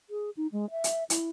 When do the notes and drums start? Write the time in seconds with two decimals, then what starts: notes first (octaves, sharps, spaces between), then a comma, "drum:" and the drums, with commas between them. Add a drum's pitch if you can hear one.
0.10 G#4
0.37 D#4
0.52 G#3
0.71 E5
0.84 drum: hi-hat
1.10 E4, drum: hi-hat